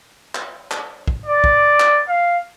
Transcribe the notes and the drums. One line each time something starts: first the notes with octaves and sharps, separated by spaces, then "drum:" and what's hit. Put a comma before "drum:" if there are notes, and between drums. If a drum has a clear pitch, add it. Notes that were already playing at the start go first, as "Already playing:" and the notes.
drum: clap
drum: clap
drum: kick
D5
drum: kick
drum: clap
F5